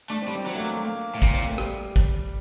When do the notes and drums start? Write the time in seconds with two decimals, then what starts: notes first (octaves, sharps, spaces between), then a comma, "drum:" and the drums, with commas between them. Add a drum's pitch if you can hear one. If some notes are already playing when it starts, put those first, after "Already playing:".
0.10 A3 D4
0.22 C4
0.28 G3
0.35 C4
0.46 F#3 C4
0.56 A3
0.59 A#3
0.72 A3
0.84 A#3
1.15 A2
1.22 A#2, drum: kick, hi-hat
1.33 C4
1.46 A3
1.58 G3, drum: rim click
1.96 drum: kick, hi-hat